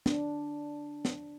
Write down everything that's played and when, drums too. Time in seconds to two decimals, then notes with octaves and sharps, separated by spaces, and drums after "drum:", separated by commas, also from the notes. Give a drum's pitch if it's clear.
0.06 D4, drum: snare
1.05 drum: snare